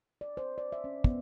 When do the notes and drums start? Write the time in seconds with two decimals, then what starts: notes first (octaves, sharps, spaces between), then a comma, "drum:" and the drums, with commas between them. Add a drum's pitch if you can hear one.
0.21 D5
0.37 C5
0.58 D5
0.72 E5
0.84 C#4
1.04 B3, drum: kick